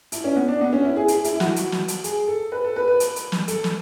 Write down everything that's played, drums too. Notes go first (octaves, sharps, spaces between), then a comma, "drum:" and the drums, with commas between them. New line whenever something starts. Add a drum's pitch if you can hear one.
E4, drum: hi-hat
C#4
B3
D4
B3
C#4
E4
G#4
G#4, drum: hi-hat
E4, drum: hi-hat
E4
F#4, drum: snare
drum: hi-hat
drum: snare
drum: hi-hat
G#4, drum: hi-hat
A4
B4
A4
B4
B4
drum: hi-hat
drum: hi-hat
drum: snare
A4, drum: hi-hat
drum: snare